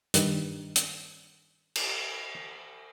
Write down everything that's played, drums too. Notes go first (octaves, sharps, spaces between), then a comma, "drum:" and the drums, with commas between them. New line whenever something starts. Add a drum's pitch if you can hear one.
G2 D#3, drum: hi-hat
drum: hi-hat
drum: cymbal